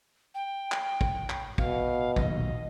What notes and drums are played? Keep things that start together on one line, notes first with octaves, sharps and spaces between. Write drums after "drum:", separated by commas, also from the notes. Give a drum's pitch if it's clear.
G5
drum: clap
drum: kick
drum: clap
B2 F5, drum: kick
D#1 B1 D#5, drum: kick